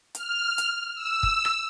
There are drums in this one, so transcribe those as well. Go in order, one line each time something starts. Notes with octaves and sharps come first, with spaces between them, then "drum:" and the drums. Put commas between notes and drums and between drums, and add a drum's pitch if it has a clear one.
F6, drum: hi-hat
drum: hi-hat
E6
drum: kick
drum: rim click